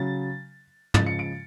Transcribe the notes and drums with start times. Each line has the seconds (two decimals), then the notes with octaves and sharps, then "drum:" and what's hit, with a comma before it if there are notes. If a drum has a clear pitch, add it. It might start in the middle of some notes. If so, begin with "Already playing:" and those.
Already playing: C#3 F#3 A6
0.94 C#3 F3 G#3 A6, drum: tom
1.06 C#7
1.19 D7